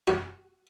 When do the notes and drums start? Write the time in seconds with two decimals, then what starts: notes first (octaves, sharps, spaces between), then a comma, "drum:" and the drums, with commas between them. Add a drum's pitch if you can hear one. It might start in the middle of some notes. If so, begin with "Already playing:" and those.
0.07 F#4, drum: snare